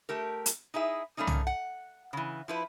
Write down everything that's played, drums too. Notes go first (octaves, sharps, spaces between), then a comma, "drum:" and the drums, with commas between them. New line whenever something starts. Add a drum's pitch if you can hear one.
A3 G4 A#4
drum: hi-hat
D#4 E4 G#4 E5
G3 A3 A#3 C#4 D#4
drum: tom
F#5
C#3 E3
F3 E4 B4